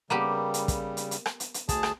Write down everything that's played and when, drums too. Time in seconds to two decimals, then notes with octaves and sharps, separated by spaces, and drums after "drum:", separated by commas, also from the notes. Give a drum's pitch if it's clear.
0.10 C#3 G3 A#3 B3 G4
0.54 drum: hi-hat
0.68 drum: kick, hi-hat
0.97 drum: hi-hat
1.11 drum: hi-hat
1.26 drum: rim click
1.40 drum: hi-hat
1.54 drum: hi-hat
1.69 D2 G#4 A5, drum: kick, hi-hat
1.83 drum: rim click